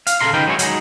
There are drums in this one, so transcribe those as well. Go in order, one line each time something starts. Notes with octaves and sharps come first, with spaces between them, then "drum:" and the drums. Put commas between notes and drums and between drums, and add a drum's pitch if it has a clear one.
F5, drum: hi-hat
C#3 F#3 A4 F5 A#5 C6
C#2 D#3 G#3 D#4 B4 G5
F#3 G#3 C#4 E4 C#5
F#3 G#3 D#4, drum: hi-hat